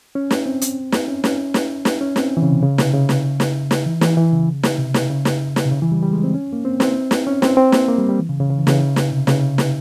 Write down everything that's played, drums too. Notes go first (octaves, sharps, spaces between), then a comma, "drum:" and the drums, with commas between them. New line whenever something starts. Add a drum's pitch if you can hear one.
C#4
drum: snare
C4
drum: hi-hat
drum: snare
C#4
C#4, drum: snare
drum: snare
drum: snare
C#4
C4, drum: snare
E3
C#3
C3
C#3
C3, drum: snare
C#3
drum: snare
drum: snare
drum: snare
E3
E3, drum: snare
E3
C#3
drum: snare
C3
drum: snare
C#3
drum: snare
drum: snare
C3
C#3
E3
G3
G3
G#3
C4
C#4
A#3
C4
C4, drum: snare
drum: snare
C#4
C4, drum: snare
C4
A#3, drum: snare
A#3
G3
G3
E3
C#3
C#3
C#3
E3
C#3, drum: snare
drum: snare
C3
C#3, drum: snare
drum: snare